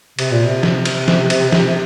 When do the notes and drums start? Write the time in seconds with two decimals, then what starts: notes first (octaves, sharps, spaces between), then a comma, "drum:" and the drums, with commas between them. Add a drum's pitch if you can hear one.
0.19 C3, drum: cymbal
0.31 A#2
0.45 C3
0.63 drum: snare F3
0.85 drum: cymbal
1.08 drum: snare F3
1.30 drum: cymbal
1.52 drum: snare F3